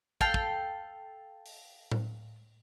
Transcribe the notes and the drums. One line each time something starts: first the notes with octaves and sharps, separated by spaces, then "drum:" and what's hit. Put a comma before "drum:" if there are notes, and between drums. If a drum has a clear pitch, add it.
A4 F5 G5, drum: kick
drum: kick
drum: open hi-hat
drum: tom A2